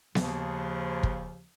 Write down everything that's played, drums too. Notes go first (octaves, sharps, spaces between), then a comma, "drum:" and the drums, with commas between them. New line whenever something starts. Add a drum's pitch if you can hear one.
D#2 C#3 F3, drum: snare B3
drum: kick